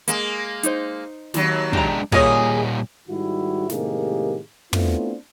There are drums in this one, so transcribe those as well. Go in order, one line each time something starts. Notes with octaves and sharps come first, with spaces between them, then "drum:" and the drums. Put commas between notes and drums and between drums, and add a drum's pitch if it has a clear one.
G#3 A#3, drum: hi-hat
D#4 C5, drum: hi-hat
D#2 F#3, drum: snare
G#3 D4 G4 A#5, drum: kick
A#2 G3 A#3 F4 G#4 C#5 D#5, drum: kick
G#2 D#3 G3 E4 F#4
A2 C3 D#3 G#3 A#3 G4, drum: snare
A3 B3 C4 D4 E4 F4, drum: tom